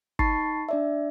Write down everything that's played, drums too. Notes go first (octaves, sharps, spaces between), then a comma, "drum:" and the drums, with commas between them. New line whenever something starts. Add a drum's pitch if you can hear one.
D#4 A5 B5 C#6 A6 C7, drum: kick
D4 D5 E5